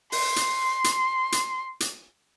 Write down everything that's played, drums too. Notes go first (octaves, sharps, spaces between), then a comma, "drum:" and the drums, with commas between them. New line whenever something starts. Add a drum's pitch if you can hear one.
C6, drum: open hi-hat
drum: hi-hat
drum: hi-hat
drum: hi-hat
drum: hi-hat